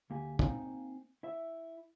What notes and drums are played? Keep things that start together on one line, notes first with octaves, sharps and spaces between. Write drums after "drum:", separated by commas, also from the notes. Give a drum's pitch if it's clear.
D2 A#3 G4 G#5
A#3 C4 C#4 D#4 F5 G#5, drum: kick
E4 E5